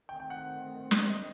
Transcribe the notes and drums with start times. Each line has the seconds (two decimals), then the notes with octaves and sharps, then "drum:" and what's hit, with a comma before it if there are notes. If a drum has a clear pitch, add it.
0.08 D#3 A3 C4 G5
0.20 G5
0.30 F#5
0.91 drum: snare
1.10 D#5